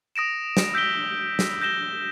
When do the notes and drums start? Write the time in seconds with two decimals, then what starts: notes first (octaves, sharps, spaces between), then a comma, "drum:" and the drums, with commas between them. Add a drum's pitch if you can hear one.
0.16 D#6 A#6 D7 E7
0.57 drum: snare
0.74 E6 G6 B6 D7 G7
1.39 drum: snare
1.61 G6 A#6 E7 G7